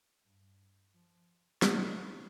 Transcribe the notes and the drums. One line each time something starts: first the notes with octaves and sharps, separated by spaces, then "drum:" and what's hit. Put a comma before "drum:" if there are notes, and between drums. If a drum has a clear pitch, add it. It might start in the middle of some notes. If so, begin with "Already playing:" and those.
G2
F3
E3, drum: snare